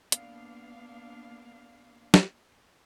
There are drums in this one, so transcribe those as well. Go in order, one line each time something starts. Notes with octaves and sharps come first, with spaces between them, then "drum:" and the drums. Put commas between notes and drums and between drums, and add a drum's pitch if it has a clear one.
A#3 B3 D4 F5, drum: hi-hat
drum: snare